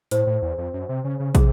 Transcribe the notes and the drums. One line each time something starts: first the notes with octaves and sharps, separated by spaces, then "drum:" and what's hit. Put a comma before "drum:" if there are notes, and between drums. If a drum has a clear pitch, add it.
A2 C5, drum: hi-hat
A2
E2
F2
F#2
C3
C#3
C#3
C3 G#4, drum: kick, hi-hat